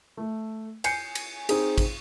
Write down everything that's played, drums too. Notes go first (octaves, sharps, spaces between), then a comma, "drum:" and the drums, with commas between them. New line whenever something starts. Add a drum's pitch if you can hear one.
A3
G#5 G6 C7 C#7, drum: cymbal
drum: cymbal
C4 D#4 G#4, drum: cymbal
drum: kick, cymbal